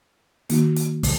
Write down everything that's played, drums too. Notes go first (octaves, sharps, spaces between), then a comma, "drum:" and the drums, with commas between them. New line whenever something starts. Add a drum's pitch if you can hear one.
D#3 A#3 D#4 F#4, drum: hi-hat
drum: hi-hat
drum: kick, open hi-hat